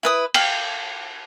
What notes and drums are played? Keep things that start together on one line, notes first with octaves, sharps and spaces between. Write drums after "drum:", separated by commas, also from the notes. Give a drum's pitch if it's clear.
E4 B4 D#6
F5 G5, drum: cymbal